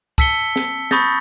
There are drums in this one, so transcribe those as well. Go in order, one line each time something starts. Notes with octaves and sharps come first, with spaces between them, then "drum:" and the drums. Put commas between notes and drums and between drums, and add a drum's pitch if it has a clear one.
A5 E6 B6 C#7 G7, drum: kick, hi-hat
drum: snare
B5 C#6 D#6 G6 A6 A#6, drum: snare